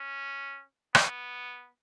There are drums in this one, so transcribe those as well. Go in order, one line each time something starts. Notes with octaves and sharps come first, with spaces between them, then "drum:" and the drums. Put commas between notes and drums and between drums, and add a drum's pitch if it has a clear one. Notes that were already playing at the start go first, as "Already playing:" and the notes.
Already playing: C#4
B3, drum: rim click